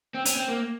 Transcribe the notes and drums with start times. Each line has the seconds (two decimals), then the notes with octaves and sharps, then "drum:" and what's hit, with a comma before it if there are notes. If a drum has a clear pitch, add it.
0.15 C4
0.25 C#4, drum: hi-hat
0.37 C4
0.48 A#3